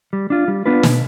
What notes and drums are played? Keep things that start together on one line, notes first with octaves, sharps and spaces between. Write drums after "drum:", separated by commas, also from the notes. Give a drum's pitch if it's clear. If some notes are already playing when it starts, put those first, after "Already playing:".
G3
D4 F4
G3
B3 D4 F4 B4
B2, drum: snare